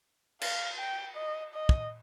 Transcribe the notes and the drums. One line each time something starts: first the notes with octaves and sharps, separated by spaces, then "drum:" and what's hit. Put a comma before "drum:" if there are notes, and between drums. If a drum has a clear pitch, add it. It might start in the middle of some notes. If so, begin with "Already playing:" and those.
F5, drum: cymbal
G5
D#5
D#5
drum: kick